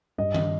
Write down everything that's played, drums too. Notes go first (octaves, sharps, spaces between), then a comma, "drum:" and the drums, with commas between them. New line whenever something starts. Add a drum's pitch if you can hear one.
G2 D#5
drum: tom D#3